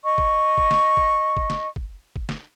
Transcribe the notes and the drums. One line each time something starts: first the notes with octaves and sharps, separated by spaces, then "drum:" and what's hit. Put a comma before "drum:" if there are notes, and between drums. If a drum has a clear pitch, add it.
D#5 C#6
drum: kick
drum: kick
drum: snare
drum: kick
drum: kick
drum: snare
drum: kick
drum: kick
drum: snare